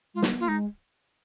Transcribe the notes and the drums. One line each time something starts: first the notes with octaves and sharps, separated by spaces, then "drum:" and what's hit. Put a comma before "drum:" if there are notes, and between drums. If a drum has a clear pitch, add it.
G#3 F4
A#3, drum: snare
B3
A#3 F4
G#3 D#4